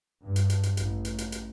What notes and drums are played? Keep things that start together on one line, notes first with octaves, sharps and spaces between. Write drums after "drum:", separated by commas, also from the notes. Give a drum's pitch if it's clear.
G2
drum: hi-hat
drum: hi-hat
drum: hi-hat
A1, drum: hi-hat
drum: hi-hat
drum: hi-hat
drum: hi-hat